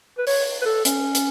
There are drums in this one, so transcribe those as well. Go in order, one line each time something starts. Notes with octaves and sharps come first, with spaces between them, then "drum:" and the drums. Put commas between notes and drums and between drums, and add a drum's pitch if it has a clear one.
B4
C#5, drum: open hi-hat
B4
A4
C#4, drum: hi-hat
drum: hi-hat